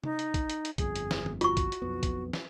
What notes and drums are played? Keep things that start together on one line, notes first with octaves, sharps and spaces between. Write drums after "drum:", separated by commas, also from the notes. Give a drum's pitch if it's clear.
D#4, drum: tom C3
drum: hi-hat
drum: kick, hi-hat
drum: hi-hat
drum: hi-hat
G1 F2 G#4, drum: kick, hi-hat
drum: hi-hat
drum: snare
drum: tom D3
F4 F#4 C#6, drum: hi-hat
drum: kick, hi-hat
drum: hi-hat
B1 F2 B3
drum: kick, hi-hat
drum: snare